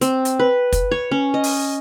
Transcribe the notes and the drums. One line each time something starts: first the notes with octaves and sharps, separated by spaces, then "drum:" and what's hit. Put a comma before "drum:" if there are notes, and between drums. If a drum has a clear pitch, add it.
C4, drum: hi-hat
drum: hi-hat
B4
drum: kick, hi-hat
C#5
C#4
D#5
drum: open hi-hat